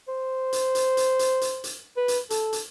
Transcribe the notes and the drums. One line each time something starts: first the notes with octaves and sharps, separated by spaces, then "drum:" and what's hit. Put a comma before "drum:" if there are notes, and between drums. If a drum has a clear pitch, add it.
C5
drum: hi-hat
drum: hi-hat
drum: hi-hat
drum: hi-hat
drum: hi-hat
drum: hi-hat
B4
drum: hi-hat
A4, drum: hi-hat
drum: hi-hat